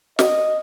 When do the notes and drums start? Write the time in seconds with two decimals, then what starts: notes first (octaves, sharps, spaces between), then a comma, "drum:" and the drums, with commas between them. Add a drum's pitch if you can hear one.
0.19 D#5, drum: snare